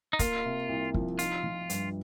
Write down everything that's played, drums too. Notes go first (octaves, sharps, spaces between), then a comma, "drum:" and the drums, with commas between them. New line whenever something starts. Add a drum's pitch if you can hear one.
D#4
A#3 F4, drum: kick, hi-hat
C3
C2
F3, drum: kick
D#4 F4, drum: hi-hat
F3
G2, drum: hi-hat